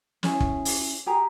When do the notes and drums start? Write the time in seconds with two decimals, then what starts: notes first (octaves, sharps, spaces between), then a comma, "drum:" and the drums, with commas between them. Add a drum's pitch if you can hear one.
0.23 C#4 E4 G#4 C#5, drum: snare
0.40 drum: kick
0.65 drum: open hi-hat
1.06 G4 G#4 G#5 A#5